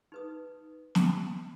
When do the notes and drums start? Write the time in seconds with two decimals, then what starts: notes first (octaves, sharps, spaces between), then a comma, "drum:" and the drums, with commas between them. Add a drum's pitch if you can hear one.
0.12 D#4 B4 D#6
0.95 drum: snare